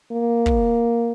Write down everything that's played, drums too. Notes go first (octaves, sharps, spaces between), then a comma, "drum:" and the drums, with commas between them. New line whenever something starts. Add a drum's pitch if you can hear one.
A#3
drum: kick